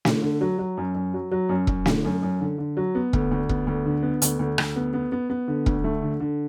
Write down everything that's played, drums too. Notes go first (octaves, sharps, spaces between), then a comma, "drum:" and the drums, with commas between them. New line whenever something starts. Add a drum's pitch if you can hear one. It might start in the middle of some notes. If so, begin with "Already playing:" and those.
D3, drum: snare
D3
F#3
F#3
F#2
F#2
F#3
F#3
F#2
F#2, drum: kick E1
D3, drum: snare
F#2
F#2
D3
D3
F#3
B3
D2, drum: kick E1
D2
B3, drum: kick E1
D2
D3
B3
D2, drum: hi-hat
D2
D2, drum: rim click
B3
B3
B3
B3
D3
D2, drum: kick E1
A3
D3
D3